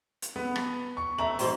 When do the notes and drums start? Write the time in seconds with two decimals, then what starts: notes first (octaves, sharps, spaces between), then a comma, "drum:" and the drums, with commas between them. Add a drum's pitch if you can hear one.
0.22 drum: hi-hat
0.36 B3
0.56 drum: rim click
0.97 C#6
1.18 A3 E5 A#5 F#7
1.39 G#2 B2 F3, drum: open hi-hat